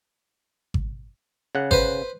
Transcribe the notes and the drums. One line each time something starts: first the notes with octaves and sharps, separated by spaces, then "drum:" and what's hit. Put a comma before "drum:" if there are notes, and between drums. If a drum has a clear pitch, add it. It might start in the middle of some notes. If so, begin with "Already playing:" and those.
drum: kick G#1
C#3 F#5
B4 C5, drum: kick G#1